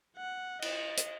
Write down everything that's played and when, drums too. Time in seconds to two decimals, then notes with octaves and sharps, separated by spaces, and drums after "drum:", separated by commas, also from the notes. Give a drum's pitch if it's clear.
0.17 F#5
0.62 D#5, drum: cymbal
0.97 drum: hi-hat